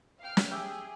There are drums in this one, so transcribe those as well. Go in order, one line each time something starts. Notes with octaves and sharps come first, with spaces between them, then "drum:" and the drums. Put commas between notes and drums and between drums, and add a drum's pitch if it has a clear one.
F5 G5 F6
drum: snare
G4 G#4 E5 G5